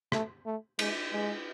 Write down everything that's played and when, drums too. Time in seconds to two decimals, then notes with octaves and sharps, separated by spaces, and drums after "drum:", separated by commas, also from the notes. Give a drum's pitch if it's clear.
0.12 A3, drum: rim click
0.46 A3
0.79 G#3, drum: cymbal
1.12 G#3